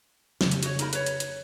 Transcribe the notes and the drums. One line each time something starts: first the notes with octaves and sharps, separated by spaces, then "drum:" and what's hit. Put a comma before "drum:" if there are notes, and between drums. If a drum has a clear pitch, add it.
F1 C#3, drum: snare
drum: hi-hat
F#4 C#5, drum: hi-hat
D#4 A#4 B5, drum: hi-hat
B4 C#5, drum: hi-hat
drum: hi-hat
drum: hi-hat